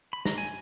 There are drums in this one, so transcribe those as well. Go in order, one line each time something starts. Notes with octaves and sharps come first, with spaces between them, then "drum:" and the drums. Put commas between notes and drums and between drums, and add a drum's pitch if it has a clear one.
B5
A#5, drum: snare
G#5